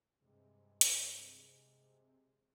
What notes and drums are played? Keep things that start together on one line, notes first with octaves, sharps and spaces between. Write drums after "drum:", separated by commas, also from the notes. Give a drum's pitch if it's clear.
G2 C3 G#3
drum: hi-hat